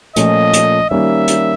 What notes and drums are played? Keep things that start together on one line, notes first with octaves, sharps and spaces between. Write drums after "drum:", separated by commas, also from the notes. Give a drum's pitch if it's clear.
A#2 F3 A3 C#4 D#5, drum: hi-hat
drum: hi-hat
D#3 G3 A#3 C#4 E5
drum: hi-hat